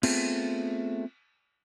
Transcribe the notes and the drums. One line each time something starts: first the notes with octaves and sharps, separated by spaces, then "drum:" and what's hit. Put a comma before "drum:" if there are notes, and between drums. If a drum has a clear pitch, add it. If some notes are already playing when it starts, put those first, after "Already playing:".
A3 B3 C4 F4 G#4 A4, drum: cymbal